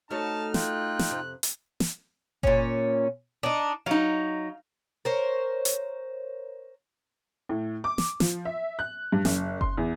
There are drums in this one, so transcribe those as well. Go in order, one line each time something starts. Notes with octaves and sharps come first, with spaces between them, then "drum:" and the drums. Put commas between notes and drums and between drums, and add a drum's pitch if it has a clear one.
A3 D#4 F#4 C#5 A5 F6
D#4 F4 G5 F#6, drum: snare
drum: snare
F2 C3
drum: hi-hat
drum: snare
A#2 C#4, drum: kick F#1
D4 D#4
F#3 D#4 F5
A#4 C5 C#5
drum: hi-hat
A2
D6
drum: snare
F3, drum: snare
E5
F#6
G2
F#1, drum: snare
C6, drum: kick F#1
E2